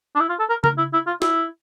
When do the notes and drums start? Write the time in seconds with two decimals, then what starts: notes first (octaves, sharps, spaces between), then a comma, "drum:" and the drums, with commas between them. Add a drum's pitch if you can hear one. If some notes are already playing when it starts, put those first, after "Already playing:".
0.16 D4
0.20 E4
0.29 F4
0.39 A4
0.49 A#4
0.64 A#4, drum: tom C#3
0.78 E4
0.93 E4
1.07 F4
1.22 E4, drum: snare